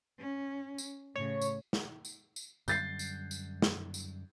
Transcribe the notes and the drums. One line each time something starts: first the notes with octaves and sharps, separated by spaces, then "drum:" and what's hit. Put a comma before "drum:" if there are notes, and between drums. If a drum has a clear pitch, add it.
C#4
drum: tambourine
A2 C#3 C#5
drum: tambourine
drum: snare
drum: tambourine
drum: tambourine
F#2 D3 G3 G6 A6 C7, drum: tambourine
drum: tambourine
drum: tambourine
drum: snare
drum: tambourine